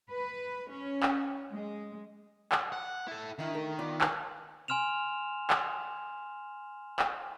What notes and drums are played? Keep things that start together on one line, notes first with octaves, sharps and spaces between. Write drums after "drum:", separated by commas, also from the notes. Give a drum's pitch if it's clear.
B4
C#4
drum: clap
G#3
drum: clap
F#5
E4 A4
D#3 D#4 E4
A3 A#4
B3 F4 D5
drum: clap
G#5 C6 F6 E7 F7
drum: clap
drum: clap